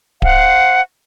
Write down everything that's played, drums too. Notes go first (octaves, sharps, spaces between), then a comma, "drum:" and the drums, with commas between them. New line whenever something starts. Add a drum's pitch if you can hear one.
C5 F5 F#5, drum: kick D1